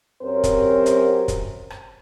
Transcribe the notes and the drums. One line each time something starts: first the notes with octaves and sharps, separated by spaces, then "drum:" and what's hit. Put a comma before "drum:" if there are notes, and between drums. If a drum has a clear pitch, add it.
F#2 C4 G4 A#4 C5 C#5
drum: kick, hi-hat
drum: hi-hat
drum: kick, hi-hat
drum: rim click